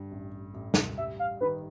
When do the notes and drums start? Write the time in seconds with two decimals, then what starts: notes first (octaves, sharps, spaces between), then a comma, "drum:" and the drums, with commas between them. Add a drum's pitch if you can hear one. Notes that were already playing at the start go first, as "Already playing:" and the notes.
Already playing: G2 D3
0.11 A1
0.54 A1
0.74 drum: snare
0.98 G3 E5
1.19 F5
1.41 D#3 B4